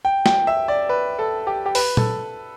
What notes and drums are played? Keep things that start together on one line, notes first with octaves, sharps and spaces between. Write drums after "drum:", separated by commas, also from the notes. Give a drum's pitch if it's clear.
G5
G5, drum: snare
E5
D5
B4
A4
G4
G4
B4, drum: open hi-hat
A4, drum: tom